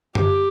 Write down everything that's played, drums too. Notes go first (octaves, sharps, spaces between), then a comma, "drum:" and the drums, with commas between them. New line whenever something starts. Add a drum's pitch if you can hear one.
G4, drum: tom F#2